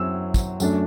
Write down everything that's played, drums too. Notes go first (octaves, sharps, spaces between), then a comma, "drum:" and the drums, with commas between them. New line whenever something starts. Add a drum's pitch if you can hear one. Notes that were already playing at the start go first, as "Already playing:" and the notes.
Already playing: F#2 F#3 C4 E4 E6
drum: kick, tambourine
F#2 F#3 A3 D4, drum: tambourine